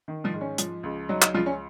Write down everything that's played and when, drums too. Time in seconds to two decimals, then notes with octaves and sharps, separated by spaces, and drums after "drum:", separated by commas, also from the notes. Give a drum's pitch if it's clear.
0.08 D#3
0.24 F3 F4
0.33 G#2
0.41 C#4
0.58 F3, drum: hi-hat
0.83 C#2
1.09 F#3 D#4
1.22 D#4, drum: clap
1.34 C#2 F3 F4
1.46 C#4